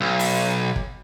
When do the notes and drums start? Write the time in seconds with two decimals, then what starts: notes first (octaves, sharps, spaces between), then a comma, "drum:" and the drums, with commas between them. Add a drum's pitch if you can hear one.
0.01 B1
0.19 drum: open hi-hat
0.76 drum: kick